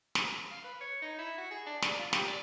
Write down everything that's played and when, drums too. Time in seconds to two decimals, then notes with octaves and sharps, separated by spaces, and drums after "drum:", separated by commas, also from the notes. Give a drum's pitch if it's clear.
0.15 drum: snare
0.51 F5
0.64 B4
0.81 C#5
1.02 D#4
1.19 E4
1.38 F#4
1.51 G#4
1.66 D4
1.82 D5, drum: snare
1.99 F4
2.13 G4, drum: snare
2.27 D5